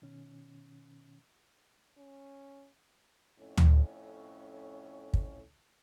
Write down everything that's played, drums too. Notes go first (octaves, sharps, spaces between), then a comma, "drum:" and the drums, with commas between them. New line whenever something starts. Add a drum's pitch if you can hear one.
B2 D#3 C#4
C#4
F2 A2 C#4
drum: tom D2
drum: kick